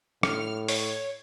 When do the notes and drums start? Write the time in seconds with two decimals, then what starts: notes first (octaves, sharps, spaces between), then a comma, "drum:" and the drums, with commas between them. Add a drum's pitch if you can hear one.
0.23 A2 F6, drum: rim click
0.68 C#5, drum: open hi-hat